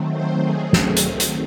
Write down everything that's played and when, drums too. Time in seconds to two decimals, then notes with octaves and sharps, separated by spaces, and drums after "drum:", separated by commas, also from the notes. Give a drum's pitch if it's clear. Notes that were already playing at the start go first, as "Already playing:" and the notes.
Already playing: D#3 F#3 A3 C4
0.11 C5
0.43 G#4
0.73 G#4, drum: snare
0.97 drum: hi-hat
1.20 drum: hi-hat